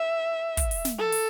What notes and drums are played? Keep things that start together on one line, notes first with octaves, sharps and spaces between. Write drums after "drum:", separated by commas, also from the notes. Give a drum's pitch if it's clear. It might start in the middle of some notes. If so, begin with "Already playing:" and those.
Already playing: E5
drum: kick, hi-hat
drum: open hi-hat
drum: snare
A4
drum: open hi-hat